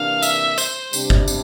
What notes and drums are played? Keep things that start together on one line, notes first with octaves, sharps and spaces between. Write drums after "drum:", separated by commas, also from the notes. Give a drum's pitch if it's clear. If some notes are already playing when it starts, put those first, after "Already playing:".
Already playing: C3 E3 A#3 D4 F5
E5, drum: tambourine
C5, drum: tambourine
C3 G3 D4, drum: tambourine
drum: kick G1
drum: tambourine